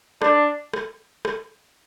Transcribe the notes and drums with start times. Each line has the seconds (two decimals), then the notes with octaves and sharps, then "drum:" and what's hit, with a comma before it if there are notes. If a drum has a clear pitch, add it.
0.22 D4, drum: rim click
0.73 drum: rim click
1.25 drum: rim click